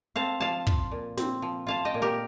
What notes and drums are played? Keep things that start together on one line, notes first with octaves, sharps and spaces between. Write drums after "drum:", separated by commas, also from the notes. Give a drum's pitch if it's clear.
C4 F5 A5
F3 F5 A5
F4, drum: kick
A#2
C4, drum: snare
F3
F4 F5 A5
D#5 G5
A#2
G4 A#4